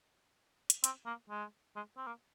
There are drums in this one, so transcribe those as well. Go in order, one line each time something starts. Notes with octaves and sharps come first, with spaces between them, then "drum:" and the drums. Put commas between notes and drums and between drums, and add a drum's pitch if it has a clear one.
drum: hi-hat
C4, drum: hi-hat
A#3
G#3
G#3
C4
A#3